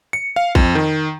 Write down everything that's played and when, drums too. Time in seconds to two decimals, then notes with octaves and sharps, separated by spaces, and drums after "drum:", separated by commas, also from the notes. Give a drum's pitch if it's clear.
0.13 C#7
0.36 F5
0.55 F2, drum: kick A#1
0.75 D#3